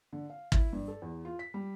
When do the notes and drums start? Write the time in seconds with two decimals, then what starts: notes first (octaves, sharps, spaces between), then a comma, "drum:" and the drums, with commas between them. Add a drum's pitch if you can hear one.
0.13 D3
0.30 F5
0.52 E4, drum: kick
0.73 G2
0.88 A4
1.02 E2
1.25 F4
1.39 B6
1.54 G3